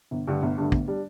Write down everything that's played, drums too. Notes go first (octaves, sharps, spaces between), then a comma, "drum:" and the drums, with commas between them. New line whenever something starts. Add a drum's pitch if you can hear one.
G1
G2 D3 A3
G1
G2 D3 A3
G1, drum: kick
G3 D4